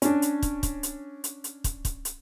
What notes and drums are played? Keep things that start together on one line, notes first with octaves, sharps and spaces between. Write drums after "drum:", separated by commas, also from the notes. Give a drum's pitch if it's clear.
C#4 D4, drum: hi-hat
drum: hi-hat
drum: kick, hi-hat
drum: kick, hi-hat
drum: hi-hat
drum: hi-hat
drum: hi-hat
drum: kick, hi-hat
drum: kick, hi-hat
drum: hi-hat